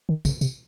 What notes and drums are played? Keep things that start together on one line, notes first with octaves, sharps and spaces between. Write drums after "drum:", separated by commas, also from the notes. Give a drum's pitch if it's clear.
D#3
C#3, drum: kick, tambourine
C3, drum: tambourine